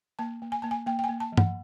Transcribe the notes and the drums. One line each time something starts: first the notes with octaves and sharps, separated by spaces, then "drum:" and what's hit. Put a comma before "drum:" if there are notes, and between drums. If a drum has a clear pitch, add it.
A#3 A5
A#3
G#5
A#3 A5
G#5
A#3 G5
G5
G#5
A#3
A5
F3
F#5, drum: tom G2